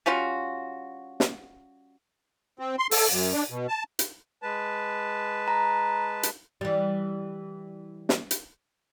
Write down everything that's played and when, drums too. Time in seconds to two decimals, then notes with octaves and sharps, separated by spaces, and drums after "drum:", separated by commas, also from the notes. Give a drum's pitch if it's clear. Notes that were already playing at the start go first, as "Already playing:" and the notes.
0.06 G3 C#4 F4 F#4
1.20 drum: snare
2.59 C4
2.78 C6
2.91 A4, drum: open hi-hat
3.11 F#2
3.33 D4
3.51 B2
3.68 A5
3.99 drum: hi-hat
4.42 G#3 B4 A5
5.48 A#5
6.23 drum: hi-hat
6.61 E3 G3
8.09 drum: snare
8.31 drum: hi-hat